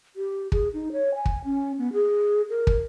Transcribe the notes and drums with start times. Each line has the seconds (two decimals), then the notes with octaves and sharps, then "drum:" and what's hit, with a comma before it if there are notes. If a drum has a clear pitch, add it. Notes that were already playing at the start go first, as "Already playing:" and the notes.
0.16 G4
0.52 G#4, drum: kick
0.74 D#4
0.92 C#5
1.15 G#5
1.26 drum: kick
1.45 C#4
1.79 B3
1.93 G#4
2.50 A#4
2.67 drum: kick